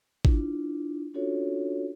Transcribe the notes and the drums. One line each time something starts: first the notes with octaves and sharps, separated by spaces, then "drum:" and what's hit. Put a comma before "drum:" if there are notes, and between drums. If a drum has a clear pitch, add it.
D4 E4 F4, drum: kick G#1
C#4 D4 F4 F#4 A4 C#5